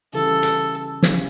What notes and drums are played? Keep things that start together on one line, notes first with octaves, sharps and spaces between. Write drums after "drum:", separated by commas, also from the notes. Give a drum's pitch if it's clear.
C#3 E3 G3 A4
drum: hi-hat
C#3 E3 G3, drum: snare